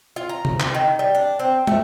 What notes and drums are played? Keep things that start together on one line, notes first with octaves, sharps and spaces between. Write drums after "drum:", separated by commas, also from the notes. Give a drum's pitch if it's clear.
F4
A#5
drum: tom C3
drum: clap
D#3
G3
D4
C4
A3, drum: tom